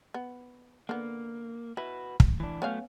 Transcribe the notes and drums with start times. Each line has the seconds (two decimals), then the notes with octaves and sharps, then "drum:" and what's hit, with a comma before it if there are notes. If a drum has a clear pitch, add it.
0.14 B3
0.89 D3 A#3 B3
1.77 E4 F#4 B4
2.20 drum: kick
2.40 E3 D4
2.62 F#3 A3 B3 C#4 F5